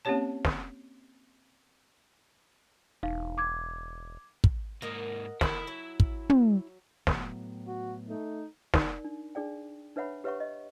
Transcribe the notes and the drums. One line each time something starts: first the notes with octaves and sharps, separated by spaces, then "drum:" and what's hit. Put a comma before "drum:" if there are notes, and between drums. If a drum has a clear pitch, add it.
A#3 C4 C#4 G4 C#5 A5
drum: snare
E1 D#4 F5
D6 G#6
drum: kick
G#2 A#3 A#4 D#5 F#5
D#3 A3 E4 G5 B5, drum: snare
F#3 G#5
drum: kick
drum: tom
A2 F#3 B3, drum: snare
F#4
A3 D#4
D#4 A#4 D5, drum: snare
D4
D4 G#4 D5 G5
D4 B4 C#5 E5 F#5 B5
G4 B4 C#5 E5 F#5 C#6
D#5